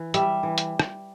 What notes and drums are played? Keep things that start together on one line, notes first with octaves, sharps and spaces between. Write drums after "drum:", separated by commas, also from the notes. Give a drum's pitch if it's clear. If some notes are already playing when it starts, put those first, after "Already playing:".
Already playing: E3
G3 E5, drum: hi-hat
E3
drum: hi-hat
drum: rim click